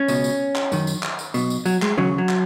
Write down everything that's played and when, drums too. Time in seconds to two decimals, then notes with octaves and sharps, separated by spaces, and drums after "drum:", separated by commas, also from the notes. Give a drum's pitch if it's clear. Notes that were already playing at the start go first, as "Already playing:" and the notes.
Already playing: C#4
0.08 C#2 B2, drum: tambourine
0.24 drum: tambourine
0.56 drum: clap
0.72 F#2 D#3, drum: tambourine
0.87 drum: tambourine
1.03 drum: clap
1.19 drum: tambourine
1.34 B1 B2, drum: tambourine
1.50 drum: tambourine
1.66 F#3, drum: tambourine
1.82 G#3, drum: clap
1.97 D#2 C#3 F#3
2.18 F#3
2.29 drum: clap